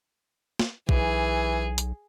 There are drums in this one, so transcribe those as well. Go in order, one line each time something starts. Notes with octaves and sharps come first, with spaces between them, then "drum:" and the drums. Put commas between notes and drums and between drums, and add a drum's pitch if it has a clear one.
drum: snare
B1 E3 G#4, drum: kick A#1
drum: hi-hat